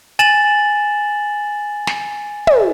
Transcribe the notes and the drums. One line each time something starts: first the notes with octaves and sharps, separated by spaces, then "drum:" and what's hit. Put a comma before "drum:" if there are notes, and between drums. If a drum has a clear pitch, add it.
G#5 A6 E7 F#7, drum: hi-hat
drum: snare
drum: tom